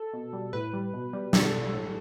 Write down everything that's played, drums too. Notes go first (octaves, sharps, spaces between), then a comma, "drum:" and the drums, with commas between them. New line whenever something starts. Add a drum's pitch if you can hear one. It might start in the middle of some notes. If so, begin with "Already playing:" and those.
Already playing: A4
B2
G3
A2 B4
G3
B2
G3
B2 A4, drum: snare
G3
A2